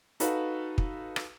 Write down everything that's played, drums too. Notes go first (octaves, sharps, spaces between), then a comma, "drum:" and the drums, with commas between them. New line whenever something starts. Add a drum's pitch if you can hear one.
D#4 F#4 A4 B4 F5, drum: hi-hat
drum: kick
drum: rim click